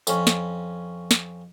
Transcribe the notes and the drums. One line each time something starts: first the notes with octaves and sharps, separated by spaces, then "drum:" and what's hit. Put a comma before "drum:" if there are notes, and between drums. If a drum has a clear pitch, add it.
F2 C#4, drum: tambourine
drum: snare
drum: snare